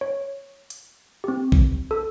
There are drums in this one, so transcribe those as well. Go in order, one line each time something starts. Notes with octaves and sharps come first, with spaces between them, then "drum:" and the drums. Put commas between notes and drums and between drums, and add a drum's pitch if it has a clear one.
C#5
drum: hi-hat
C4 G4
drum: kick B1
A4 E6